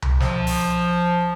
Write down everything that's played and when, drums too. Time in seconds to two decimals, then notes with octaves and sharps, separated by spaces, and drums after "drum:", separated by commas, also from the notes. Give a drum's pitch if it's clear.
0.02 drum: tom C2
0.20 F3, drum: snare
0.47 drum: open hi-hat